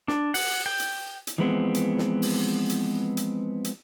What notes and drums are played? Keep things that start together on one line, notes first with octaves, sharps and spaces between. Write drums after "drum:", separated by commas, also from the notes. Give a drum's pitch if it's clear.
D4, drum: snare
F#5, drum: open hi-hat
G5
drum: hi-hat
drum: hi-hat
E3 F3 G#3 B3 C4
drum: hi-hat
drum: snare
drum: open hi-hat
drum: hi-hat
drum: hi-hat
drum: hi-hat